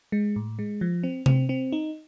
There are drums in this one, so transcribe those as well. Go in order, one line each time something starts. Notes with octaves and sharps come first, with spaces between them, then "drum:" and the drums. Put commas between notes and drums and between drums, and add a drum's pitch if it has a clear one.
G#3
A2
G#3
F3
C4
C4, drum: tom C3
C4
D#4